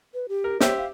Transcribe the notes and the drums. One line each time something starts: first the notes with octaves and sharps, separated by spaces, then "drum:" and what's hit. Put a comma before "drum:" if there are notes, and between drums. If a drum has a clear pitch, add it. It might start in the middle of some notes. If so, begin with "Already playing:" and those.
B4
G4
A#4
G4 C5 C#5 E5, drum: snare
F5